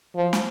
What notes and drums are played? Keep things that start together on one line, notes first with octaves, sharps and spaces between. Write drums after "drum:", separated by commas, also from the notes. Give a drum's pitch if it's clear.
F3
drum: snare